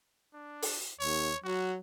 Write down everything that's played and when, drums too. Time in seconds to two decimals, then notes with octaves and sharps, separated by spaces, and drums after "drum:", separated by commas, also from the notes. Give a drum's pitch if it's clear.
0.33 D4
0.62 drum: open hi-hat
1.00 D#2 C#5
1.44 F#3 F#4